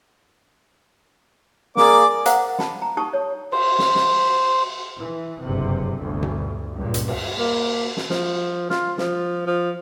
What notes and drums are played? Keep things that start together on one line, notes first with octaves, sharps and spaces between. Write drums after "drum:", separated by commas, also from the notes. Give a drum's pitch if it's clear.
A#3 G#4 D5 D6, drum: snare
A#4 C5 F5 F#5 A#5, drum: hi-hat
A5 B5, drum: snare
A#5
D#4 G4 A5 C#6 D#6
C#5
C5, drum: cymbal
drum: snare
drum: snare
E3
F#1 B1 G2 C3
G1 D2
drum: tom B2
C#2 G2 A#2
drum: hi-hat
drum: cymbal
A#3
drum: snare
F3, drum: snare
F4, drum: snare
F3, drum: snare
F3